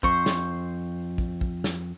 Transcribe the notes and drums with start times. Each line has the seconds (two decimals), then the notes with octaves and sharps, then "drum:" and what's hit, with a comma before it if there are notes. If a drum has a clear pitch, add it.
0.03 F2 C5 C#6, drum: kick
0.26 drum: snare
1.18 drum: kick
1.41 drum: kick
1.64 drum: snare